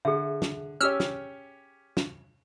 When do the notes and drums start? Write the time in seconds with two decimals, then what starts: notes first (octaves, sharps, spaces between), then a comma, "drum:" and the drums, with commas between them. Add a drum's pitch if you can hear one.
0.05 D3 G#4 E5
0.42 drum: snare
0.81 C#4 G4 C#5 E6 F6
1.00 drum: snare
1.97 drum: snare